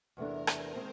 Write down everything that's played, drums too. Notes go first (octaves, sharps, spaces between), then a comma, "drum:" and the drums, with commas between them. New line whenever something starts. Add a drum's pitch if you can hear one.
E2 C3 E3 A3 D4 A#4
C5, drum: rim click
D#3 G#3 C4